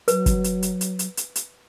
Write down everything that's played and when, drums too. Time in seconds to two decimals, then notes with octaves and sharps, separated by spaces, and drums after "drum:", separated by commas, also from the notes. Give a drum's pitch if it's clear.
0.08 F#3 B4, drum: hi-hat
0.26 drum: kick F#1, hi-hat
0.44 drum: hi-hat
0.63 drum: hi-hat
0.81 drum: hi-hat
0.99 drum: hi-hat
1.17 drum: hi-hat
1.36 drum: hi-hat